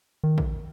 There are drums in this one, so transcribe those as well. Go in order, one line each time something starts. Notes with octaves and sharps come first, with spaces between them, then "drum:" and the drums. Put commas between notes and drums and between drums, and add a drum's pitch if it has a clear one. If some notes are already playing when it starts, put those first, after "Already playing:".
D#3
drum: kick A#1